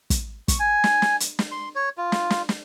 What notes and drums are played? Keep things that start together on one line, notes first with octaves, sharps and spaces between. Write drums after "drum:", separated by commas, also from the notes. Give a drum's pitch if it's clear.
drum: kick, hi-hat
C#6, drum: kick, hi-hat
G#5
drum: snare
drum: snare
drum: hi-hat
drum: snare
C6
C#5
F4
drum: snare
drum: snare
drum: snare